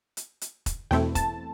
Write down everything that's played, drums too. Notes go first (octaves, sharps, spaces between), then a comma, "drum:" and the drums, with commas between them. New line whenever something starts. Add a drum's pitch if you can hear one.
drum: hi-hat
drum: hi-hat
drum: kick E1, hi-hat
E2 B2 A3 C4 E4 G5, drum: snare
A5, drum: kick E1, hi-hat